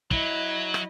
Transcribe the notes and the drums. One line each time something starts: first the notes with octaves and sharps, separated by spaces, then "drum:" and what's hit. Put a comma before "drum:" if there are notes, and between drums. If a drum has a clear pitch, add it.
F#3 E4 D#5, drum: kick
drum: rim click